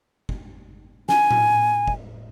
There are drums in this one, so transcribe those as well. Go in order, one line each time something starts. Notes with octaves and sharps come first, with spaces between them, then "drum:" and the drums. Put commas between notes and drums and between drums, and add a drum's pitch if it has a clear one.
drum: kick
G#5, drum: snare
drum: tom A2
drum: kick